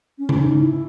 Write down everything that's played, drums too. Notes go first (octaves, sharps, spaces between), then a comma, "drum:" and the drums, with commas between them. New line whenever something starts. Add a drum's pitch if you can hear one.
C#4
drum: tom C#3
D#4
E4